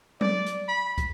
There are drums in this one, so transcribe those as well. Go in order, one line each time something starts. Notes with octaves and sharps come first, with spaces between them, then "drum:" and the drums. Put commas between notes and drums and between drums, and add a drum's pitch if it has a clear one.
D5, drum: tom F#3
drum: hi-hat
B5
drum: kick, hi-hat